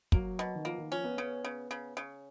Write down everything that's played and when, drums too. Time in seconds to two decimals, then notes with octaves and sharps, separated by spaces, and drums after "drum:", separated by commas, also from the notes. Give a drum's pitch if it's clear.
0.12 F#3 A#3, drum: kick
0.39 B2
0.55 D#3
0.65 F3 A#3
0.78 D#3
0.91 F3 C#4
1.04 B3
1.17 C#3 B3
1.45 C#3
1.71 C#3
1.97 C#3